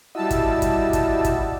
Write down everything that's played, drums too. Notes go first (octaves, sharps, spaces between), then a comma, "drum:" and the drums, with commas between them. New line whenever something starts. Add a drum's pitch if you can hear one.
G3 E4 F#4 D#5 A5 E6
drum: kick, hi-hat
drum: kick, hi-hat
drum: kick, hi-hat
drum: kick, hi-hat